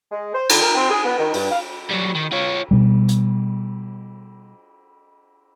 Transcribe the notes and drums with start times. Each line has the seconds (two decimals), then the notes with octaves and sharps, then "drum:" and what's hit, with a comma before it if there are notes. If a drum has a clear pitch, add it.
0.10 G#3
0.33 C5
0.49 D3, drum: cymbal
0.62 A#4
0.74 C4
0.89 G#4
1.04 B3
1.17 D#3
1.33 G2, drum: open hi-hat
1.50 F5
1.90 F#3 G3
2.15 D#3
2.32 F4 C#5
2.71 B2 G3
3.09 drum: hi-hat